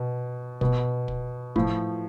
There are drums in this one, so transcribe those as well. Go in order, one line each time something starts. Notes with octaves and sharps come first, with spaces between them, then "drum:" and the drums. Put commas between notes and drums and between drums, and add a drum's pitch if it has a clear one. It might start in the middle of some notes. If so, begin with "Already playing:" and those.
Already playing: B2
B2, drum: kick
drum: kick
A2 F3, drum: kick